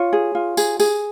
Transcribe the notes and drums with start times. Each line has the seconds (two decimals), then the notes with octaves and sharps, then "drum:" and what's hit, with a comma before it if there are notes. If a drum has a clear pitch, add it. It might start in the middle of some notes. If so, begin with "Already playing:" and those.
Already playing: F4 C#5
0.13 G#4
0.35 F4
0.57 G#4, drum: tambourine
0.80 G#4, drum: tambourine